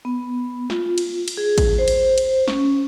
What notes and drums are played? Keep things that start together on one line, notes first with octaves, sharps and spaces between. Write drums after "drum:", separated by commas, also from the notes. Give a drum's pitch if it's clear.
B3
F4, drum: snare
drum: cymbal
drum: cymbal
G#4
drum: kick A1, cymbal
C5
drum: cymbal
drum: cymbal
C#4, drum: snare